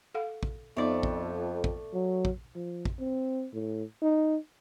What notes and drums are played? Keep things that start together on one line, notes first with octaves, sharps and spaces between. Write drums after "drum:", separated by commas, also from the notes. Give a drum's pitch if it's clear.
A4 F5 F#5
drum: kick
F2 A3 B3 D#4 D5
drum: kick
drum: kick
F#3
drum: kick
F3
drum: kick
C4
A2
D#4